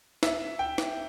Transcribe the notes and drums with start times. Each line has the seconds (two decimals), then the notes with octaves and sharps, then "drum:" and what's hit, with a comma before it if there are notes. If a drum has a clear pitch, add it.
0.23 E5, drum: snare
0.59 G5
0.78 drum: snare